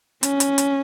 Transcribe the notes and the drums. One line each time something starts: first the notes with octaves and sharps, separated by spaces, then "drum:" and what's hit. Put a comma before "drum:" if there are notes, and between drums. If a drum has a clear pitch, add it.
C#4, drum: hi-hat
drum: hi-hat
drum: hi-hat